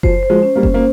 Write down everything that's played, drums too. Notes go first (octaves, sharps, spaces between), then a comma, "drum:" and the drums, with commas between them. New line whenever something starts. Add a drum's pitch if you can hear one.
F3 C5, drum: kick F#1
C5
F3 G#3
C#4
G3 A#3
C#4, drum: kick F#1
A#3